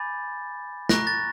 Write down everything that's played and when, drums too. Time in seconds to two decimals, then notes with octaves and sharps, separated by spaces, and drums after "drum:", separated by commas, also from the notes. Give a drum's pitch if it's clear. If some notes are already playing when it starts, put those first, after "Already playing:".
Already playing: G#5 B5 D6 G6 A6
0.89 A#5 C#6 F#6 A#6, drum: snare
1.07 A6